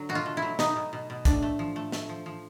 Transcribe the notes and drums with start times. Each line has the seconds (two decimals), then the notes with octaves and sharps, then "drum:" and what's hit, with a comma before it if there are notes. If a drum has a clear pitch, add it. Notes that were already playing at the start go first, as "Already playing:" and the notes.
Already playing: D3 F#3
0.09 B2 F#4
0.15 F4
0.26 A3
0.37 E4
0.42 F#3
0.59 B2 D#4, drum: snare
0.76 B2
0.93 B2
1.10 B2
1.25 A2 D4, drum: kick, hi-hat
1.42 A3
1.59 F3
1.76 A3
1.92 A3, drum: snare
2.09 F3
2.26 F3